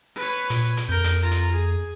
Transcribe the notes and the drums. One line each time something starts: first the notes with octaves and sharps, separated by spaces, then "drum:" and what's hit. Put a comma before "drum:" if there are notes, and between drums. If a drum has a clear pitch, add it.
B4 C#5
A#2, drum: hi-hat
drum: hi-hat
F2 A#4 G6
drum: hi-hat
F4 A#5
drum: hi-hat
G#4